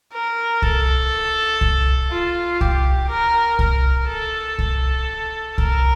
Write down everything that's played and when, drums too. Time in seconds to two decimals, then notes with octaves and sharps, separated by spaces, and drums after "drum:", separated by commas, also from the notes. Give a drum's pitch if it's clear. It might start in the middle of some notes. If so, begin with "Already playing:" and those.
0.13 A#4
0.62 A4, drum: kick C2
1.61 drum: kick C2
2.10 F4
2.61 G4, drum: kick C2
3.09 A#4
3.59 A#4, drum: kick C2
4.09 A4
4.58 drum: kick C2
5.58 A#4, drum: kick C2